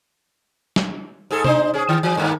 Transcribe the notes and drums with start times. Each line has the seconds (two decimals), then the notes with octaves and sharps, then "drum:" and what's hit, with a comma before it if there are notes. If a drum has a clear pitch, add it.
0.76 drum: snare
1.31 G#2 G#4 A4
1.44 D4 D#4 C5, drum: tom C3
1.74 C#4 G#4
1.89 D#3
2.03 E3
2.17 G2 D#3 A#3